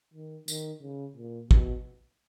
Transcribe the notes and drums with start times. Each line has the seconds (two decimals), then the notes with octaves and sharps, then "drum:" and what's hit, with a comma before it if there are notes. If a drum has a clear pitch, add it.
0.14 D#3
0.48 D#3, drum: tambourine
0.82 C#3
1.16 A#2
1.51 B2, drum: kick